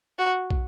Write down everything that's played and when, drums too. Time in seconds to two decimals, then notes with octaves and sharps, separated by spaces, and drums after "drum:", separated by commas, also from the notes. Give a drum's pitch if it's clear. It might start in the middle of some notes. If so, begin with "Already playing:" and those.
0.19 F#4
0.50 drum: kick